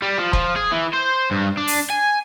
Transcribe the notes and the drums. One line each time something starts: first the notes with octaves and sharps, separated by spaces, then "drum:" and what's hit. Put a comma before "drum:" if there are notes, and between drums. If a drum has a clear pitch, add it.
G3
F3
F3, drum: kick
G#4
E3
C5
G2
D4
drum: open hi-hat
G#5